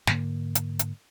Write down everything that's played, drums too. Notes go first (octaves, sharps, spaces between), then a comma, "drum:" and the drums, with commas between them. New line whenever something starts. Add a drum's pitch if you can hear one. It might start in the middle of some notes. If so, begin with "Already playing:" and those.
G#2 D3 A#3, drum: snare
drum: hi-hat
drum: hi-hat